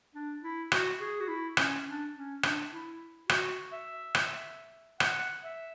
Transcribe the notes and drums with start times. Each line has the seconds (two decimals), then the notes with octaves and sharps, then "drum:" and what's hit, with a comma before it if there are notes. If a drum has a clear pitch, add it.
0.15 D4
0.43 E4
0.72 F#4, drum: rim click
1.01 G#4
1.20 F#4
1.29 E4
1.57 C#4, drum: rim click
1.87 D4
2.15 C#4
2.43 D4, drum: rim click
2.72 E4
3.29 F#4, drum: rim click
3.72 E5
4.15 drum: rim click
5.00 F#5, drum: rim click
5.44 E5